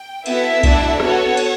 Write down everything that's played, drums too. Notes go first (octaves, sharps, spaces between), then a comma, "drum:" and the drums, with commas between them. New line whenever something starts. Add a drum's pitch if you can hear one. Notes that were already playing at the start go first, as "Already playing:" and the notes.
Already playing: G5
B3 E4 F#4 A4 E5, drum: cymbal
A3 D4 F#4, drum: kick B1, cymbal
B3 F#4 A4 C#5, drum: rim click
drum: cymbal